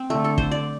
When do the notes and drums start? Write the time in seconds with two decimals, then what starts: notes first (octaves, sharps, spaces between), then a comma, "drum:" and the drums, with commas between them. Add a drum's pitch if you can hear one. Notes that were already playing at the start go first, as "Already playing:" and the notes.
Already playing: C4
0.10 D3 A3
0.24 A4
0.38 C5, drum: kick
0.52 D5